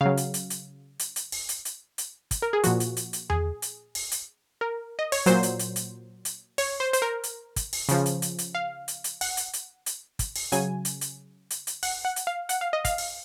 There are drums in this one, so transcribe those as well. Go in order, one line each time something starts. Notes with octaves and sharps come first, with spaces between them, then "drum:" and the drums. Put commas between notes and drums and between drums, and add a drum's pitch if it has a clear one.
C#3 F#3 F5
drum: hi-hat
drum: hi-hat
drum: hi-hat
drum: hi-hat
drum: hi-hat
drum: open hi-hat
drum: hi-hat
drum: hi-hat
drum: hi-hat
drum: kick, hi-hat
A#4
G#4
A#2 F3 F#4, drum: hi-hat
drum: hi-hat
drum: hi-hat
drum: hi-hat
G#4, drum: tom E2
drum: hi-hat
drum: open hi-hat
drum: hi-hat
A#4
D#5
C#5, drum: open hi-hat
A#2 F#3 C5, drum: hi-hat
drum: hi-hat
drum: hi-hat
drum: hi-hat
drum: hi-hat
C#5, drum: open hi-hat
C5
C5, drum: hi-hat
A#4
drum: hi-hat
drum: kick, hi-hat
drum: open hi-hat
C#3 F3, drum: hi-hat
drum: hi-hat
drum: hi-hat
drum: hi-hat
F5
drum: hi-hat
drum: hi-hat
F#5, drum: open hi-hat
drum: hi-hat
drum: hi-hat
drum: hi-hat
drum: kick, hi-hat
drum: open hi-hat
C#3 F#3 G#5, drum: hi-hat
drum: hi-hat
drum: hi-hat
drum: hi-hat
drum: hi-hat
F#5, drum: open hi-hat
F#5
drum: hi-hat
F5
F#5, drum: hi-hat
F5
D#5
F5, drum: kick, hi-hat
drum: open hi-hat